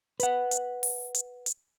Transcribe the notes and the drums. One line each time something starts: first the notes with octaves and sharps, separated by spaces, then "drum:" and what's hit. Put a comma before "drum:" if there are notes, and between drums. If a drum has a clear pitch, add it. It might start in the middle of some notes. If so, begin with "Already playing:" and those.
B4 F#5, drum: hi-hat
drum: hi-hat
drum: open hi-hat
drum: hi-hat
drum: hi-hat